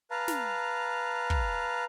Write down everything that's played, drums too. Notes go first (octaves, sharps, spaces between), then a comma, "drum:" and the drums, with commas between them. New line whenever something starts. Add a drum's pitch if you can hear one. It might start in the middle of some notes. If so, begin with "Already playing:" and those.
B4 F5 A5 A#5
drum: snare
drum: kick